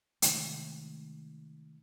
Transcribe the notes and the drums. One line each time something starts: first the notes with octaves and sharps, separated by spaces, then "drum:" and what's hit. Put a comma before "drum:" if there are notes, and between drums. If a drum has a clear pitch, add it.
C3 D#3 G#3 A3, drum: hi-hat